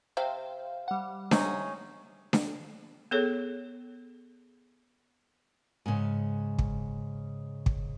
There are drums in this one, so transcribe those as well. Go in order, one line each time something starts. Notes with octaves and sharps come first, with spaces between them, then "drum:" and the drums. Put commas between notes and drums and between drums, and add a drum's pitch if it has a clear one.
C3 C5 F5 G5
G3 F#5
C3 C#4 D#4, drum: snare D4
drum: snare D4
B3 G#4 A4 C#5
G#2 C#3
drum: kick
drum: kick